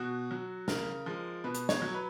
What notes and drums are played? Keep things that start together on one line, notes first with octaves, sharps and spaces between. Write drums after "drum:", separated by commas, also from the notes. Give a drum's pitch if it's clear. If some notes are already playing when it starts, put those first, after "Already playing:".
Already playing: B2 F#4
F#3
C#3 A#4, drum: snare
F3 G#3
B2 B4
drum: hi-hat
C#5, drum: snare
F#3
B4